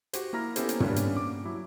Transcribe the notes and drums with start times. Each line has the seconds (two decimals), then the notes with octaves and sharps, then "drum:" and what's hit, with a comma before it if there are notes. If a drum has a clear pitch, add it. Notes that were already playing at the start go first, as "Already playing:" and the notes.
0.13 F#4 G4 C5, drum: hi-hat
0.33 A#3 E4 A#5 F6 A#6
0.56 B3 C#4 E4 G4 A4 C5, drum: hi-hat
0.69 drum: hi-hat
0.80 G3 A#3 B3 C#4 D4, drum: tom
0.96 drum: hi-hat
1.17 D6
1.45 F#3 E4